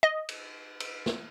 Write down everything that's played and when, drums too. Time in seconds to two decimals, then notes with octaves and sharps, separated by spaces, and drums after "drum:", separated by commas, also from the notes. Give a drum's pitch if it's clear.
0.03 D#5
0.29 drum: cymbal
0.80 drum: cymbal
1.06 drum: snare